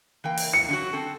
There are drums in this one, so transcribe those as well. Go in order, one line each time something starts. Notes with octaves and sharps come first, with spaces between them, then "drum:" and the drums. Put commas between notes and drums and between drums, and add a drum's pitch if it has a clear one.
E3 A#3 G5
drum: open hi-hat
C#7
D3 F#3 F#4
C4 A4